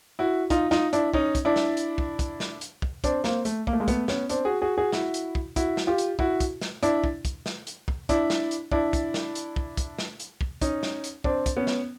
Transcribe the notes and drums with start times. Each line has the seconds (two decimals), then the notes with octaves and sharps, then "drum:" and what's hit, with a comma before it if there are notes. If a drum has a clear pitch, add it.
0.19 E4 F#4
0.50 D#4 F4, drum: kick, hi-hat
0.71 D#4 F4, drum: snare
0.93 D4 E4, drum: hi-hat
1.14 C#4 D#4, drum: kick
1.35 drum: kick, hi-hat
1.45 D4 E4
1.56 drum: snare
1.77 drum: hi-hat
1.98 drum: kick
2.19 drum: kick, hi-hat
2.40 drum: snare
2.61 drum: hi-hat
2.82 drum: kick
3.04 C4 D4, drum: kick, hi-hat
3.24 A#3 C4, drum: snare
3.45 A3, drum: hi-hat
3.67 A#3, drum: kick
3.73 A3
3.80 G#3 A#3
3.88 A3 B3, drum: kick, hi-hat
4.08 B3 C#4, drum: snare
4.29 C4 D4, drum: hi-hat
4.45 F#4 G#4
4.62 F#4 G#4
4.77 F#4 G#4
4.92 E4 F#4, drum: snare
5.14 drum: hi-hat
5.35 drum: kick
5.56 E4 F#4, drum: kick, hi-hat
5.77 drum: snare
5.87 F4 G4
5.98 drum: hi-hat
6.19 E4 F#4, drum: kick
6.40 drum: kick, hi-hat
6.61 drum: snare
6.83 D4 E4, drum: hi-hat
7.04 drum: kick
7.25 drum: kick, hi-hat
7.46 drum: snare
7.67 drum: hi-hat
7.88 drum: kick
8.09 D4 E4, drum: kick, hi-hat
8.30 drum: snare
8.51 drum: hi-hat
8.72 D4 E4, drum: kick
8.93 drum: kick, hi-hat
9.14 drum: snare
9.35 drum: hi-hat
9.56 drum: kick
9.77 drum: kick, hi-hat
9.99 drum: snare
10.20 drum: hi-hat
10.41 drum: kick
10.62 C#4 D#4, drum: kick, hi-hat
10.83 drum: snare
11.04 drum: hi-hat
11.24 C4 D4, drum: kick
11.46 drum: kick, hi-hat
11.57 B3 C#4
11.67 drum: snare